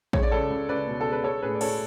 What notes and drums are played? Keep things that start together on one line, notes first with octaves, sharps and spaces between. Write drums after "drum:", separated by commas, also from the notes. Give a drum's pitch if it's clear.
G#3 C#5, drum: kick
D5
C#2 A4 C#5
C#2
C#2 B4 D5
B2
A4
G#3
B4
G#3 A4 C#5
A2 G#4 B4
D5
G#3 A4 C#5, drum: cymbal